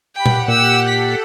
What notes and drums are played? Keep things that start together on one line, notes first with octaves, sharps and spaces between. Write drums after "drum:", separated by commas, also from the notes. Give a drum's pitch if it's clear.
G4 F#5 G5 B5
drum: tom A#2
A#2 E6
A4 B6